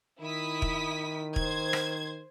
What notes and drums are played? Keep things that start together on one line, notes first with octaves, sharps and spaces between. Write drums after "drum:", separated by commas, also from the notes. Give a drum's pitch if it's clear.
D#3 E4 D#6 B6
drum: kick
C5 G#6, drum: kick
drum: rim click